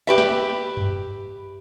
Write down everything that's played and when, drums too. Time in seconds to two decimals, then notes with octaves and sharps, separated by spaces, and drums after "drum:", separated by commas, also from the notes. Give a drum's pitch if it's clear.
0.07 G4 B4 E5
0.18 drum: snare
0.77 drum: tom F#2